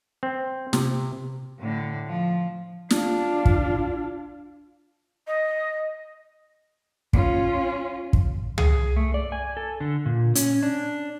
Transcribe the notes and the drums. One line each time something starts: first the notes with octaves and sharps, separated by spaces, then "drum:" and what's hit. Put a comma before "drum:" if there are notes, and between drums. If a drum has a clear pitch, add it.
C4
C3, drum: snare
A2 D3
F3
D4 F4, drum: snare
drum: kick
D#5
C#4 F4, drum: kick
drum: kick
G#4, drum: tom
A3
D5
G#5
A4
D3
A#2
C#4, drum: hi-hat
D4